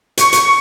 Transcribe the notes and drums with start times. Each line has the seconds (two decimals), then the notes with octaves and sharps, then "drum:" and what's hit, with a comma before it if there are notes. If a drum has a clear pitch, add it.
0.17 C#6, drum: hi-hat
0.33 drum: hi-hat